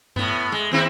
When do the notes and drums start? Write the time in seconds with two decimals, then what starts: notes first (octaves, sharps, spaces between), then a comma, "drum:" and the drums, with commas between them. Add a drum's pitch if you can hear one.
0.16 A2 B3, drum: tom G2
0.52 G#3
0.72 D#2 C4 E4